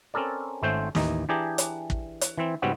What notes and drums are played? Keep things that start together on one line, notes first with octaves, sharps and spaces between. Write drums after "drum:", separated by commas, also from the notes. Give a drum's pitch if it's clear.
C4 C#4 A4 A#4 D5
G#1 A3 C4 C#4 C5 G5
A1 D#2 E3 D#5 A#5, drum: snare
E3 D4 G4 G#4 A#5
drum: hi-hat
drum: kick
drum: hi-hat
E3 C4
G#2 C#3 G3 B3 C4 F#4